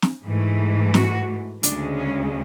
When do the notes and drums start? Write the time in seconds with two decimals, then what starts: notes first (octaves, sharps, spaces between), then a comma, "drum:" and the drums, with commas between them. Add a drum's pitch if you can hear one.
0.02 drum: snare
0.25 G#2 E3 A3
0.94 F#4, drum: snare
1.63 D2 C#3 G#3 D4, drum: hi-hat
1.98 C#4